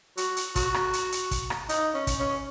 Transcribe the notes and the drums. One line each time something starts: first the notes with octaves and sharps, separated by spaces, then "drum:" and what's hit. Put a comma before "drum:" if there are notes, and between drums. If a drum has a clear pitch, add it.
F#4, drum: hi-hat
drum: hi-hat
F#4, drum: kick, hi-hat
drum: rim click
drum: hi-hat
drum: hi-hat
drum: kick, hi-hat
drum: rim click
D#4, drum: hi-hat
C#4
drum: kick, hi-hat
C#4